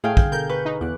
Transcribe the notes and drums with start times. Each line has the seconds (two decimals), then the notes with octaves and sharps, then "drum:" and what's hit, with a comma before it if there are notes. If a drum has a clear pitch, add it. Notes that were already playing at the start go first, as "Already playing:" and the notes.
0.04 A2 G#4 F5 G5
0.17 G#1 D3 G6, drum: kick
0.32 B2 A4 A#4 G6
0.49 B4 C#6
0.65 D#4
0.81 E2 E3 D6 F#6